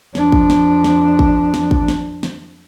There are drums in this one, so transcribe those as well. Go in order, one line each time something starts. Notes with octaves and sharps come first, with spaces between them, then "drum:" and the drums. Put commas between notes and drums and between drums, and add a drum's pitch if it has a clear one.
F2 D4, drum: snare
drum: kick
drum: snare
drum: snare
drum: kick
drum: snare
drum: kick
drum: snare
drum: snare